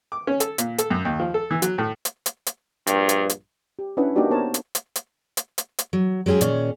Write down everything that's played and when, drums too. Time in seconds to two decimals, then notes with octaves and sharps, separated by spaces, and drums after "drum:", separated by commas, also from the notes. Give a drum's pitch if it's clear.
0.12 D6
0.27 C#4
0.40 A4, drum: hi-hat
0.58 A#2, drum: hi-hat
0.78 A4, drum: hi-hat
0.90 F#2
1.05 D#2
1.20 F3
1.34 A4
1.51 E3
1.62 F#3, drum: hi-hat
1.78 A2
2.05 drum: hi-hat
2.26 drum: hi-hat
2.46 drum: hi-hat
2.87 A#1 G2, drum: hi-hat
3.09 drum: hi-hat
3.29 drum: hi-hat
3.79 G4
3.97 C#4 D4 E4 B4 F#5
4.16 A#3 D4 D#4 F#4 G4 D5
4.31 B3 D#4 A#4 C5 C#5 A5
4.54 drum: hi-hat
4.75 drum: hi-hat
4.95 drum: hi-hat
5.37 drum: hi-hat
5.58 drum: hi-hat
5.78 drum: hi-hat
5.93 F#3
6.26 F#3 G#3 C#4 G4 G#4
6.41 A#2 D#3 C#4 G#4, drum: hi-hat